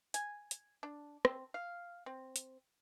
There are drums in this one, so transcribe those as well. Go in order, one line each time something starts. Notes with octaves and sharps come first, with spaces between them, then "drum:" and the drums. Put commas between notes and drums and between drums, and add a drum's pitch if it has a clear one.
G#5, drum: hi-hat
drum: hi-hat
D4
C4, drum: rim click
F5
C4
drum: hi-hat